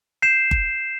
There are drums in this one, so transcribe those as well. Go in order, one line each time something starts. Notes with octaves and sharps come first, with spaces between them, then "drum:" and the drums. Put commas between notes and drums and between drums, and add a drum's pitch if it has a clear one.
G6 C7 E7
drum: kick G1